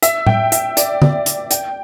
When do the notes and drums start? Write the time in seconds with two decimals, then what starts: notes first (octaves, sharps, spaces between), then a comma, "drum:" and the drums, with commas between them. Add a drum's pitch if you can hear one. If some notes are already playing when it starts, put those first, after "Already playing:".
0.02 E5, drum: hi-hat
0.26 G5, drum: tom A2
0.52 E5, drum: hi-hat
0.77 D5, drum: hi-hat
1.02 D5, drum: tom D3
1.26 drum: hi-hat
1.51 G5, drum: hi-hat